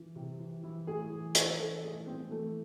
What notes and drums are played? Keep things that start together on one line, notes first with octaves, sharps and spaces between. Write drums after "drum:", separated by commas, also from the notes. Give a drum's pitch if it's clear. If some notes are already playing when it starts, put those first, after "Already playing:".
Already playing: E3
C3
E3
E3 E4
A2 G#4
E3
E3, drum: hi-hat
E3 A4
A2 G#4
A2 C4
E3 A3